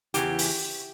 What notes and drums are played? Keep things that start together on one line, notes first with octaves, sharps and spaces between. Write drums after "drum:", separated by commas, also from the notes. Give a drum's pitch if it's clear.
E2 C#3 E3 G4, drum: hi-hat
drum: open hi-hat